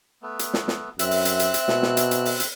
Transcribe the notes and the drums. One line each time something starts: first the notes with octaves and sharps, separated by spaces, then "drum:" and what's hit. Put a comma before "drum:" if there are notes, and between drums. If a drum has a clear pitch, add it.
A3 B3
drum: hi-hat
drum: snare
drum: snare
F#2 C4 E5 E6 F#6, drum: hi-hat
drum: open hi-hat
drum: hi-hat
drum: hi-hat
drum: hi-hat
B2, drum: snare
drum: snare
drum: hi-hat
drum: hi-hat
drum: open hi-hat
drum: hi-hat